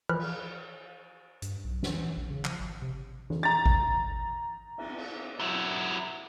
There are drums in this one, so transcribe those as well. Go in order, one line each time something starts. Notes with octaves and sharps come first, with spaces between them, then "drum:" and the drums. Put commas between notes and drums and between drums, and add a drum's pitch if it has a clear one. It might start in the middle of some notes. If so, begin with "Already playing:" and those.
E3 F3 B5 F6 F#6
drum: cymbal
G2, drum: hi-hat
B1
E3, drum: snare
A1
C#3
F3, drum: clap
G#1
C3
drum: tom E3
A#5 A6
drum: kick G#1
drum: cymbal
drum: cymbal
F#3 E4